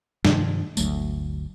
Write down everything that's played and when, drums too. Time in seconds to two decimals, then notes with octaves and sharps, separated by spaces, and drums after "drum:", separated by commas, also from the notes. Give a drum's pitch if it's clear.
0.25 G2 C3 D#3 F3, drum: snare
0.77 G1 D2 F#3 A3, drum: tambourine